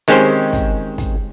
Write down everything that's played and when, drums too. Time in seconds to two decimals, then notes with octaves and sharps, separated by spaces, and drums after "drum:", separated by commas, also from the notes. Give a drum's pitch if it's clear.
0.08 D#3 G#3 C4 C#4 G4 C5, drum: open hi-hat
0.53 drum: kick, hi-hat
0.98 drum: kick, hi-hat